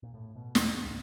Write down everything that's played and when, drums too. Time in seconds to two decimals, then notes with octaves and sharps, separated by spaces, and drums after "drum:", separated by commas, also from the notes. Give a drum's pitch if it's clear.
0.03 A#2
0.14 A2
0.36 B2
0.55 E2, drum: snare
0.70 G#2
0.84 C#2